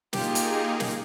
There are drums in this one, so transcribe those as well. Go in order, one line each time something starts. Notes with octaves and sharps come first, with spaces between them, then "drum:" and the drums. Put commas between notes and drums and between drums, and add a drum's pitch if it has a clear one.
A#3 D#4 F4 G4 G#4, drum: snare
drum: hi-hat
drum: snare